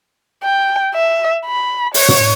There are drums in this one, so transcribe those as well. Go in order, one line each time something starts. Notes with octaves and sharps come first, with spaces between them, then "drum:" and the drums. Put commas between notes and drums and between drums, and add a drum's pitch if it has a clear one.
G5
E5
B5
C#5, drum: open hi-hat
drum: tom